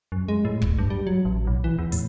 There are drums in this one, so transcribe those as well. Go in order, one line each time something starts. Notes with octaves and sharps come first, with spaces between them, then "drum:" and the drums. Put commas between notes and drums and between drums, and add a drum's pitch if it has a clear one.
F#2
G#3
A2
D1, drum: kick
G2
G3
F#3
A1
B1
E3
E2
A2, drum: hi-hat